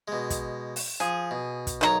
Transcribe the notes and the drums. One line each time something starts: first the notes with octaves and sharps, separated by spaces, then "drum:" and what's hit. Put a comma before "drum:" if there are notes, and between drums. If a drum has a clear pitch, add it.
B2 G#3
drum: kick, hi-hat
drum: open hi-hat
F3 G#4
B2
drum: kick, hi-hat
B1 D#3 E4 C#5 A#5